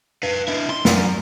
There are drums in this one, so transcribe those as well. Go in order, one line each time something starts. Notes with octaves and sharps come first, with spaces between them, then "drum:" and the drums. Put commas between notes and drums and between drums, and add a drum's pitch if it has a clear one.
B4 F5
D4 E4
C6
F#2, drum: snare